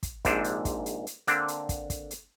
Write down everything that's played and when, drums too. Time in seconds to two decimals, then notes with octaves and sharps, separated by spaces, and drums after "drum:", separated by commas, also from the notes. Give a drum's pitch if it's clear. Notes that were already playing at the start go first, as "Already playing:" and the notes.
0.03 drum: kick, hi-hat
0.25 A#1 G#2 C3 D4 C5, drum: kick, hi-hat
0.44 drum: hi-hat
0.65 drum: kick, hi-hat
0.86 drum: hi-hat
1.07 drum: hi-hat
1.27 D3 A#3 C4 D4, drum: hi-hat
1.48 drum: hi-hat
1.69 drum: kick, hi-hat
1.90 drum: kick, hi-hat
2.11 drum: hi-hat